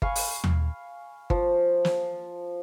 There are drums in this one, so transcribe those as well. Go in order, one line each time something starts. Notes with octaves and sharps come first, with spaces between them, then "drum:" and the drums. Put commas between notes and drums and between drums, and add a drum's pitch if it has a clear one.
F5 G#5 B5 C#6, drum: kick G1
drum: open hi-hat
drum: tom D#2
F3, drum: kick G1
drum: snare